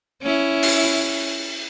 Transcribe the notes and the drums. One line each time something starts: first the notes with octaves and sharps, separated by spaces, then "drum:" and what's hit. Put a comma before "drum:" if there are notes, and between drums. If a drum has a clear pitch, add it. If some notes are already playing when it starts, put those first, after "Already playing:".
C#4 E4
drum: open hi-hat